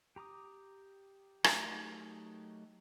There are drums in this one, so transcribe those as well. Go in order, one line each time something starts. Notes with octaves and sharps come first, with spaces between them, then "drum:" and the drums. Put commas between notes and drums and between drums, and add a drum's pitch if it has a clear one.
G4 A#5 D6 D#6
F#3 A3 D#4 G4 A#4, drum: rim click